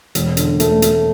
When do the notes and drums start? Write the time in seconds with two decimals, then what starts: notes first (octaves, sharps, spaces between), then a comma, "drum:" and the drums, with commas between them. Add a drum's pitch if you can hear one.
0.15 E1, drum: hi-hat
0.37 D3, drum: hi-hat
0.60 A3, drum: hi-hat
0.82 A3, drum: hi-hat